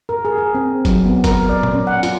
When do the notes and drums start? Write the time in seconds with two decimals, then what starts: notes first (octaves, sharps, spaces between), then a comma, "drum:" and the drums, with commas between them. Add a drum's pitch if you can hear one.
0.09 A#4
0.25 G#4
0.38 G#4
0.55 C4
0.85 F#3, drum: kick, hi-hat
1.06 B3
1.24 A#4, drum: kick, hi-hat
1.49 D5
1.63 drum: tom A#2
1.74 C#4
1.87 F#5
2.03 F4, drum: hi-hat